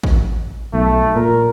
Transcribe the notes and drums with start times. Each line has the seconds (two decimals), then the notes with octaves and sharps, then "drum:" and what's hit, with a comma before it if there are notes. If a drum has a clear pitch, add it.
0.03 drum: kick A1
0.74 B1 A3
1.16 A#2 A#4